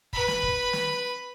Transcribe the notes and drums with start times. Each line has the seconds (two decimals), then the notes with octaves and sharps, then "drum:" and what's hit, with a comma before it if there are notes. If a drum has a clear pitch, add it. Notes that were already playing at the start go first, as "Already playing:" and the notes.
0.13 B4 B5, drum: kick
0.28 drum: snare
0.43 drum: kick
0.73 drum: snare